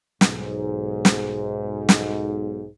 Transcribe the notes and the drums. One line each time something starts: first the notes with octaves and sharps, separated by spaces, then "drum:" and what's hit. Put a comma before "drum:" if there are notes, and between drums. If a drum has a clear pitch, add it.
B1 G#2, drum: snare
drum: snare
drum: snare